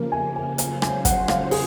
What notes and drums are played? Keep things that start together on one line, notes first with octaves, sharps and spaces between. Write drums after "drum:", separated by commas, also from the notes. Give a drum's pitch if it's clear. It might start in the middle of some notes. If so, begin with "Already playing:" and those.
Already playing: C#3 F3 A#3 A#4
G#5
G#5
C#3 F#3 C#4 F4 C5 G#5, drum: hi-hat
G#5, drum: rim click
F#5, drum: kick, hi-hat
F5, drum: rim click
G#4, drum: open hi-hat